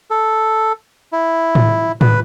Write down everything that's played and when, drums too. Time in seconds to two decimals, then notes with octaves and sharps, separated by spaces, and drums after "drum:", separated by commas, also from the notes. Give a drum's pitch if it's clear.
0.11 A4
1.13 E4
1.55 drum: tom A2
2.01 B4, drum: tom A2